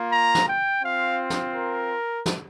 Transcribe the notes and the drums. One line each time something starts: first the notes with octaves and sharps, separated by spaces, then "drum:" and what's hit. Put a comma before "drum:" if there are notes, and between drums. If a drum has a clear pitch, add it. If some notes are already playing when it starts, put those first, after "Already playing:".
Already playing: A#3 F4
A#5
drum: snare
G5
C4 F4 F5
drum: snare
A#4
drum: snare